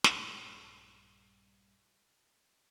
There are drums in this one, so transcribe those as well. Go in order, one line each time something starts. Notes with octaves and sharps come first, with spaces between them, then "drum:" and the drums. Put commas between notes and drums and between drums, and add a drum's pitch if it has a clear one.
A#1 G2, drum: snare